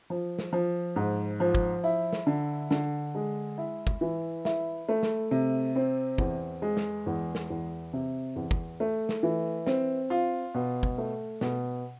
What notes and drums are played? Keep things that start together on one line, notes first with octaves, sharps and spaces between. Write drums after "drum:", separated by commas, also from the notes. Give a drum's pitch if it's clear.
F3
drum: snare
F3
G#2
F3
drum: kick
E4
drum: snare
D3
D3, drum: snare
G#3
E4
drum: kick
E3
E4, drum: snare
A3
drum: snare
C3
C4
E2, drum: kick
G#3
drum: snare
E2
drum: snare
E2
C3
E2
drum: kick
A3
drum: snare
E3
C4, drum: snare
F4
B2
drum: kick
A3
B2, drum: snare